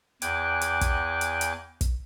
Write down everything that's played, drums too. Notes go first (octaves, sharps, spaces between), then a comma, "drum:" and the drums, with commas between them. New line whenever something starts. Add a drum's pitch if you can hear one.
E2 G5 G#5 D6 F#6, drum: hi-hat
drum: hi-hat
drum: kick, hi-hat
drum: hi-hat
drum: hi-hat
drum: kick, hi-hat